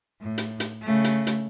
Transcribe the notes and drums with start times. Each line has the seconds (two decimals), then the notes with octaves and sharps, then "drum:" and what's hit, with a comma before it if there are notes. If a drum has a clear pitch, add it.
0.22 A2
0.38 drum: hi-hat
0.60 drum: hi-hat
0.82 C#3 A3
1.04 drum: hi-hat
1.27 drum: hi-hat